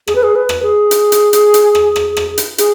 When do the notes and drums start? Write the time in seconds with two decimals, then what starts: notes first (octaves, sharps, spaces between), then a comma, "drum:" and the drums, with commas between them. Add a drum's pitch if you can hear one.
0.07 G#4, drum: rim click
0.15 B4
0.23 G#4
0.35 B4
0.49 drum: rim click
0.63 G#4
0.91 drum: hi-hat
1.12 drum: hi-hat
1.33 drum: hi-hat
1.54 drum: hi-hat
1.75 drum: rim click
1.96 drum: rim click
2.17 drum: rim click
2.38 drum: hi-hat
2.58 G#4, drum: hi-hat